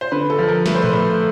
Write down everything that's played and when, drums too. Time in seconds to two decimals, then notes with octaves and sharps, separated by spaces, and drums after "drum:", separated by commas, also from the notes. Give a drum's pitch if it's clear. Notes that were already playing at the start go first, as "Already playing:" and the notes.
0.01 C5
0.12 D3 B4
0.30 A4
0.39 F3
0.48 A#4
0.66 A3 B4, drum: snare
0.75 C5
0.84 B4, drum: tom A2
0.93 A3